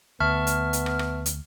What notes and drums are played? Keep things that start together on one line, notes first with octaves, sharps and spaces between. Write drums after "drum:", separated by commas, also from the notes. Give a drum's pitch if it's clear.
D2 B3 E5 A5 C#6 F6
drum: hi-hat
drum: hi-hat
drum: rim click
drum: rim click
drum: hi-hat